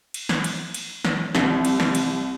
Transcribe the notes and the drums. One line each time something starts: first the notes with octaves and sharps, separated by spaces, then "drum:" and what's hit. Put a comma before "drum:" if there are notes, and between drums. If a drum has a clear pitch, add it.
drum: cymbal
drum: snare
drum: cymbal
drum: cymbal
drum: snare
C2, drum: snare
drum: cymbal
drum: snare
drum: cymbal